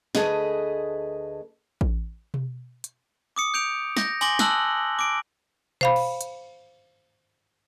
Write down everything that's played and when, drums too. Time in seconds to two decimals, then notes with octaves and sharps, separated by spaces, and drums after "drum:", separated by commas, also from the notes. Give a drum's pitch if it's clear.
0.15 D2 E3 A3 G#4 B4 D#5, drum: snare
1.81 drum: kick A1
2.34 drum: tom B2
2.84 drum: hi-hat
3.36 D6 D#6 C#7
3.54 G6 D7 F7
3.97 G6 A#6, drum: snare
4.21 G#5 C6 D6 A#6 G7, drum: tambourine
4.39 A5 E6 F#6 F#7, drum: snare
4.99 D6 D7
5.81 C5 F5 B5, drum: tom B2
5.96 drum: cymbal
6.21 drum: hi-hat